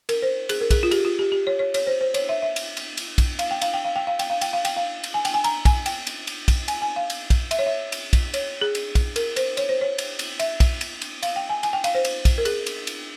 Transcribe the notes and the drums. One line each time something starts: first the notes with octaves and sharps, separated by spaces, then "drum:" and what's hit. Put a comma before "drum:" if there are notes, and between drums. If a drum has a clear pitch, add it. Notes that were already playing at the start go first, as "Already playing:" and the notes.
A#4, drum: cymbal
C5
G#4, drum: cymbal
A#4
G#4, drum: kick, cymbal
F4
G4, drum: cymbal
F4
G4
G4
C#5
C#5
C#5, drum: cymbal
C5
C5
C#5, drum: cymbal
E5
E5
drum: cymbal
drum: cymbal
drum: cymbal
drum: kick, cymbal
F5, drum: cymbal
G5
F5, drum: cymbal
G5
F5
G5
F5
G5, drum: cymbal
F5
G5, drum: cymbal
F5
G5, drum: cymbal
F5
drum: cymbal
G#5
G5, drum: cymbal
G#5
A#5, drum: cymbal
G#5, drum: kick, cymbal
G5, drum: cymbal
drum: cymbal
drum: cymbal
drum: kick, cymbal
G#5, drum: cymbal
G#5
F5
drum: cymbal
drum: kick, cymbal
E5, drum: cymbal
C#5
E5
drum: cymbal
drum: kick, cymbal
C#5, drum: cymbal
G#4
drum: cymbal
drum: kick, cymbal
A#4, drum: cymbal
C5, drum: cymbal
C#5, drum: cymbal
C5
C#5
drum: cymbal
drum: cymbal
E5, drum: cymbal
drum: kick, cymbal
drum: cymbal
drum: cymbal
F5, drum: cymbal
G5
G#5
G#5, drum: cymbal
G5
F5, drum: cymbal
C5
drum: cymbal
drum: kick, cymbal
A#4
G#4, drum: cymbal
drum: cymbal
drum: cymbal